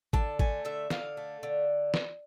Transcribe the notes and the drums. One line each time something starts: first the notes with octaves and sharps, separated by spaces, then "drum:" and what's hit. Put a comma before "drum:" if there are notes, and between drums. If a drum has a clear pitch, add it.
D3 A5, drum: kick A1
A3 G#5, drum: kick A1
D3 E5
D3 F5, drum: snare
A3
D3
drum: snare